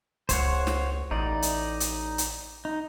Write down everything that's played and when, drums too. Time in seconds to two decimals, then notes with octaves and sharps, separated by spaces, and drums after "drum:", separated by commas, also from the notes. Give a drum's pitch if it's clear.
0.29 C#2 C5 C#5 F#5, drum: kick, hi-hat
0.67 drum: snare
1.11 A1 D#4 D5
1.42 drum: hi-hat
1.80 drum: hi-hat
2.18 drum: hi-hat
2.65 D#4